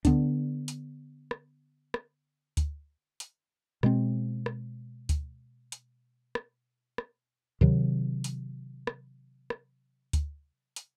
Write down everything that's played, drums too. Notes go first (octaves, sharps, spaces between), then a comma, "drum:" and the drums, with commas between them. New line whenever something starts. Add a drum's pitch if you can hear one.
D3 F#3 B3 D4, drum: kick D2, hi-hat
drum: hi-hat
drum: rim click
drum: rim click
drum: kick D2, hi-hat
drum: hi-hat
B2 G#3 C4, drum: rim click
drum: rim click
drum: kick D2, hi-hat
drum: hi-hat
drum: rim click
drum: rim click
C3 D#3 F#3, drum: kick D2
drum: hi-hat
drum: rim click
drum: rim click
drum: kick D2, hi-hat
drum: hi-hat